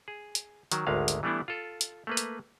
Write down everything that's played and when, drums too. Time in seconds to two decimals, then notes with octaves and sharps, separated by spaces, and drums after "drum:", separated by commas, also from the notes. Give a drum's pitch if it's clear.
0.08 G#4
0.35 drum: hi-hat
0.72 D#3 F#3, drum: hi-hat
0.87 G#1 D2 D3 D#3 G#3 F5
1.08 drum: hi-hat
1.23 E3 G3 A3 B3 D4 E4
1.48 F4 A4
1.81 drum: hi-hat
2.07 A3 A#3 B4
2.17 drum: hi-hat